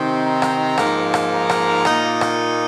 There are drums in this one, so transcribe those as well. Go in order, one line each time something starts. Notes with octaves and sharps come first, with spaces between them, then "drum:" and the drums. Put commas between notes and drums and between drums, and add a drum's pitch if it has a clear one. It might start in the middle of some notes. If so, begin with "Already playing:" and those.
Already playing: C3 D#3 C4 D#4
A#5
drum: rim click
G#2 F3 A#3 D#4, drum: rim click
drum: rim click
A#5
drum: rim click
A#2 A#3 D#4, drum: rim click
drum: rim click